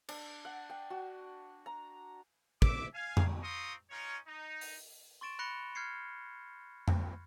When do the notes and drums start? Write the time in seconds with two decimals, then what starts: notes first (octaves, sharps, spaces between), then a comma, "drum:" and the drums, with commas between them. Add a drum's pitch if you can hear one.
0.09 D4, drum: cymbal
0.45 F#5
0.70 G5
0.90 F#4
1.66 A#5
2.62 E5 D6, drum: kick
2.94 F5 G#5
3.17 drum: tom F2
3.43 C4 F4 A#5 C6 C#6 D#6
3.90 C#4 D#4 F4 A#4 C#5
4.28 D#4
4.61 drum: open hi-hat
5.21 C6 C#6 A6 D7 E7
5.39 B5 F#6 A#6 C#7 F7 G7
5.75 F6 G6 G#6 C7 C#7
6.88 drum: tom F2